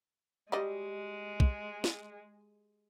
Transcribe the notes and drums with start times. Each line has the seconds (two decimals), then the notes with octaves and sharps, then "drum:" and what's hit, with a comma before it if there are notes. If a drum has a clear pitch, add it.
0.52 G3 G#3 F#4 G4 D5 D#5
1.40 drum: kick
1.84 drum: snare